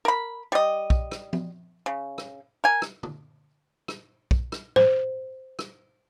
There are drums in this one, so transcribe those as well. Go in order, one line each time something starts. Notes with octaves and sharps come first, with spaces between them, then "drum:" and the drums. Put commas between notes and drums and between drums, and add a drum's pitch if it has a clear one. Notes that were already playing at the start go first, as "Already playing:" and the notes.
A#4 B5
G3 D#5
drum: kick
drum: rim click
drum: tom F3
C#3
drum: rim click
A#4 G#5
drum: rim click
drum: tom
drum: rim click
drum: kick
drum: rim click
C5, drum: tom G#2
drum: rim click